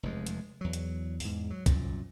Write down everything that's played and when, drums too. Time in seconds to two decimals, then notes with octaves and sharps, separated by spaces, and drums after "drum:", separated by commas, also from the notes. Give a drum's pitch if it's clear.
0.03 F1 E2 G#3
0.26 drum: hi-hat
0.61 E2 F#3
0.73 drum: hi-hat
1.20 E2 G#2, drum: open hi-hat
1.50 F#3
1.66 C2 F#2 A#2, drum: kick, hi-hat